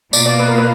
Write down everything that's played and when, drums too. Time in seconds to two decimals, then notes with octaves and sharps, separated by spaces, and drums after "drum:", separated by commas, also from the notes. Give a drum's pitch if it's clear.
0.13 B2 A#3 F4 D5, drum: tambourine
0.26 D5
0.40 B4
0.48 A#4
0.58 B4